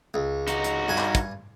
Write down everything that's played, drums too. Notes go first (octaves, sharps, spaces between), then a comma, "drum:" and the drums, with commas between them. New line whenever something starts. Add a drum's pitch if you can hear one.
C#2
D#4 F#4, drum: hi-hat
drum: hi-hat
G2 G#5
drum: clap
drum: kick, hi-hat